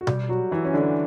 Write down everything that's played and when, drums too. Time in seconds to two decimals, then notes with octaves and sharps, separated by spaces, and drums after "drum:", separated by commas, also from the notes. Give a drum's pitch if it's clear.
0.01 F#4
0.07 G3 G4, drum: tom B2
0.29 F#3 F#4
0.51 E3 E4
0.65 C#4
0.73 D3 D4
0.85 C#4